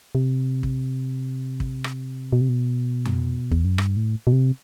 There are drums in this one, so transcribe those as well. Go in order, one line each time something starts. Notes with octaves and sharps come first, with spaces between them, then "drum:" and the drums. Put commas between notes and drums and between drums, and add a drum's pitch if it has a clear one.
C3
drum: kick
drum: kick
drum: rim click
B2
C3
B2
drum: tom F2
E2, drum: kick
F#2
G2, drum: rim click
A2
B2
C3